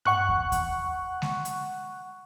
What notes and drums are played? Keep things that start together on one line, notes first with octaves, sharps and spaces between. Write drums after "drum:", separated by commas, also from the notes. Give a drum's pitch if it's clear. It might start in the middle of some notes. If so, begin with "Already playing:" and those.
F#5 C#6 F#6, drum: tom G2
drum: kick D#2
drum: kick D#2, hi-hat
drum: snare G#3
drum: hi-hat